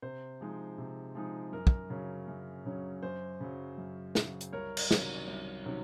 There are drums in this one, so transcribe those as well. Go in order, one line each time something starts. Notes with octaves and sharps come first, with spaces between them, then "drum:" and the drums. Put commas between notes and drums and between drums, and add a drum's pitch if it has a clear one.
C3 C5
F3 G#3 D#4
C3
F3 G#3 D#4
F#2 A#4
drum: kick
C#3 F#3 C#4
F#2
C#3 F#3 C#4
F#2 C5
C#3 F#3
F#2
C#3 F#3, drum: snare
drum: hi-hat
C2 A#4 C#5
drum: cymbal
C3 D#3 F#3 C#4, drum: snare
C2
C3 D#3 F#3 C#4